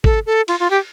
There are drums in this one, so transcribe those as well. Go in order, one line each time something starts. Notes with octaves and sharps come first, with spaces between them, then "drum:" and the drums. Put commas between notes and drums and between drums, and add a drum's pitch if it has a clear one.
A4, drum: kick
A4
F4, drum: cymbal
F4
G4